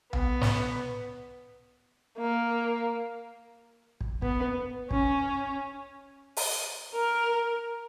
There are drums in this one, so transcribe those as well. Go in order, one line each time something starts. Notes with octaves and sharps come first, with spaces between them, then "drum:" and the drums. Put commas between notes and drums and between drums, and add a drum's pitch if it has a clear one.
B3, drum: tom C2
drum: snare
A#3
drum: kick
B3, drum: kick
C#4, drum: kick
drum: open hi-hat
A#4